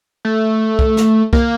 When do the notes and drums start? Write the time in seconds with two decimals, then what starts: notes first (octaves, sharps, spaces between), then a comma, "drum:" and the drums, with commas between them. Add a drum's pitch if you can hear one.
0.25 A3
0.79 drum: kick
0.97 drum: snare
1.33 A#3, drum: kick